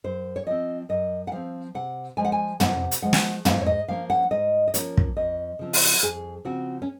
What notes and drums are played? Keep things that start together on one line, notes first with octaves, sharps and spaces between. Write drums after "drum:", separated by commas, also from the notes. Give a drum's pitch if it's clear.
F#2 C5
C#5
F3 C4 D#5
F#2 D#5
F#5
F3 C4 F5
C3 F#5
F3 G#3 G#5
F#5
G#5
C3 F#5, drum: tom
drum: hi-hat
F3 G#3 F#5
drum: snare
G#2 F5, drum: tom
C#5
D#5
F3 A#3 C#4 F5
F#5
G#2 D#5
D#5
F3 A#3 C#4 C#5, drum: hi-hat
drum: kick
F2 D#5
C#3 F3 C4
drum: open hi-hat
F2 G#4
C#3 F3 C4 F#4
C#4